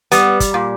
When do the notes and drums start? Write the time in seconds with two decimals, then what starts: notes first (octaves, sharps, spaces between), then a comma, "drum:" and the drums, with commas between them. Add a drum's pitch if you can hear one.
0.12 G3 B3, drum: hi-hat
0.40 drum: kick, hi-hat
0.54 A#2